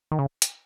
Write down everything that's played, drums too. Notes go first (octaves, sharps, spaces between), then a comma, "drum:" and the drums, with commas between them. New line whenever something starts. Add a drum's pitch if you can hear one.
D#3
C#3
drum: hi-hat